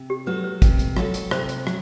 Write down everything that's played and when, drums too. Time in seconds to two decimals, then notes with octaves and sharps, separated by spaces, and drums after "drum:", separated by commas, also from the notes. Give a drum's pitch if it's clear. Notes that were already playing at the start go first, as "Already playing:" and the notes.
Already playing: C3
0.10 G4
0.26 F#3 B3 F#4 A4 B4
0.44 B4
0.62 C3, drum: kick, hi-hat
0.79 drum: hi-hat
0.97 F#3 B3 F#4 A4, drum: rim click
1.14 drum: hi-hat
1.31 C3 C5, drum: rim click
1.49 drum: hi-hat
1.67 F#3, drum: rim click